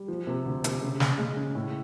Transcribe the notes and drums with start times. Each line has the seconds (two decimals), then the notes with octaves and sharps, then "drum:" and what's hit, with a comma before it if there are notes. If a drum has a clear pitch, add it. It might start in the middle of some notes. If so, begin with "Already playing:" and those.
Already playing: G3
0.08 F3
0.27 C3
0.45 D2
0.64 C3, drum: hi-hat
0.82 C#3
1.00 C#3, drum: snare
1.18 G#3
1.37 C#3
1.55 A2